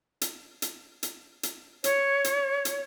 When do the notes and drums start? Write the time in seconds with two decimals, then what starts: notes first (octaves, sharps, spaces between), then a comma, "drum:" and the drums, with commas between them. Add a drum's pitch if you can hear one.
0.21 drum: hi-hat
0.62 drum: hi-hat
1.03 drum: hi-hat
1.43 drum: hi-hat
1.84 C#5, drum: hi-hat
2.24 drum: hi-hat
2.65 drum: hi-hat